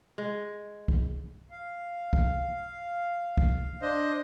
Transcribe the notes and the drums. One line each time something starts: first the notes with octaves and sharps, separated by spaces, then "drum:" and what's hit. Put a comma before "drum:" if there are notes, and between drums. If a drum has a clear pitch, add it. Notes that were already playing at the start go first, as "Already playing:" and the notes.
G#3
drum: kick
F5
drum: kick
drum: kick
D4 C5 D#5